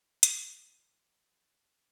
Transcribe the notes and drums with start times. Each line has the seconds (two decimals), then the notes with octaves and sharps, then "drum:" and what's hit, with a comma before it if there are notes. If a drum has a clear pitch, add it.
0.23 D#3 F3 A#3 B3 G#5, drum: hi-hat